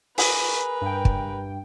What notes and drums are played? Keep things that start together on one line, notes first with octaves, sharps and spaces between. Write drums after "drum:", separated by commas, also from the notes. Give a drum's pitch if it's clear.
G#4 A#4 B4, drum: open hi-hat
G2 G5
drum: kick